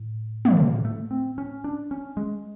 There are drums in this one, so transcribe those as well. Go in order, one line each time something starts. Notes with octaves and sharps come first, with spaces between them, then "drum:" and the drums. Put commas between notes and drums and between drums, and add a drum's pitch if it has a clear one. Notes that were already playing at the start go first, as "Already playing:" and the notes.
Already playing: A2
A#3, drum: tom
A3
C4
C#4
D4
C#4
G#3